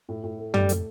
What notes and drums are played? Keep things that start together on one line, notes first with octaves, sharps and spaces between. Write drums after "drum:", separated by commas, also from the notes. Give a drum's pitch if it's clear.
A2
A2
A3
A2 G3, drum: tom
A3, drum: hi-hat